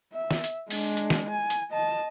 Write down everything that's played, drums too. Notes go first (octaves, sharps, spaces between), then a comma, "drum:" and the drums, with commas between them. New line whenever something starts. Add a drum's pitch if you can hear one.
E5
drum: snare
drum: hi-hat
G#3 D4, drum: open hi-hat
drum: hi-hat
drum: snare
G#5
drum: hi-hat
D#5 A5